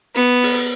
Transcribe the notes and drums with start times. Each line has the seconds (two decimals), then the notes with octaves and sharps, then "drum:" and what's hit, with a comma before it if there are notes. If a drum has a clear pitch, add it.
0.15 B3, drum: hi-hat
0.43 drum: open hi-hat